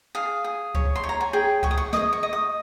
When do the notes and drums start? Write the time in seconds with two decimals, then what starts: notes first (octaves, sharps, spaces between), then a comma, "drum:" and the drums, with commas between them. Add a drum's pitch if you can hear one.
0.15 G#4 F5
0.44 G#4
0.75 C#5, drum: kick C#2
0.96 C6
1.03 C#5
1.09 A#5
1.21 G#5
1.33 G#4 G5
1.63 G#4 C#6, drum: kick C#2
1.71 D#6
1.78 C#6
1.93 D#5 D#6, drum: snare
2.13 C#6
2.23 D#5
2.33 D#6